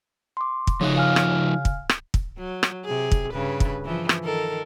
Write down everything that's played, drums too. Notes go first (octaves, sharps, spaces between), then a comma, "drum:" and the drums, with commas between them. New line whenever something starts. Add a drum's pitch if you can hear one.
C6 D6
drum: kick
C#3 F3 D#4 F4 F#4
F5 G#5 F6
drum: rim click
drum: kick
drum: rim click
drum: kick
F#3
drum: rim click
C3 G#4
drum: kick
G2 C#3 B4
drum: kick
E3 F3
drum: rim click
D#3 A4 A#4